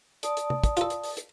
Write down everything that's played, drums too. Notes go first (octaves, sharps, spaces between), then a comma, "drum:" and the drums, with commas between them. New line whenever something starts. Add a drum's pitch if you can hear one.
D5 A5 D#6, drum: hi-hat
drum: hi-hat
drum: tom
drum: kick, hi-hat
F4 A4, drum: hi-hat
drum: hi-hat
drum: open hi-hat
drum: hi-hat